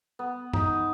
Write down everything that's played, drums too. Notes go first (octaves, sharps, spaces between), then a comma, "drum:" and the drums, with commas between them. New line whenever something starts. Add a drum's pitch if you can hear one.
B3
D#4, drum: tom F#2